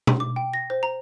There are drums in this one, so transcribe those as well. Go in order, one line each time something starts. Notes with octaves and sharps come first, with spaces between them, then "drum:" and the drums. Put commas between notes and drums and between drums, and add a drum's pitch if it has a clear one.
drum: tom B2
D6
G5
A#6
C5
A#5